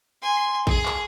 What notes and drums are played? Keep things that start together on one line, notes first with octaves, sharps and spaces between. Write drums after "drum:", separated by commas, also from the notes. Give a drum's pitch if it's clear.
G#5 C6
G#4, drum: kick A1
drum: clap